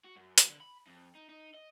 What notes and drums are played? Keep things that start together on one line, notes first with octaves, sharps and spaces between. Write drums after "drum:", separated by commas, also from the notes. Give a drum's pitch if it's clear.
F#4
F#2
drum: hi-hat
D3
B5
F2
D#4
D#4
D#5